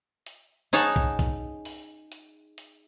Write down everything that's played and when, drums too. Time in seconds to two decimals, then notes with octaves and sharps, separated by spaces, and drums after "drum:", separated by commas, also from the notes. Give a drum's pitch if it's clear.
0.27 drum: hi-hat
0.73 D#4 G#4 C#5 F#5 A5, drum: hi-hat
0.96 drum: kick B1
1.19 drum: kick B1, hi-hat
1.65 drum: open hi-hat
2.12 drum: hi-hat
2.58 drum: hi-hat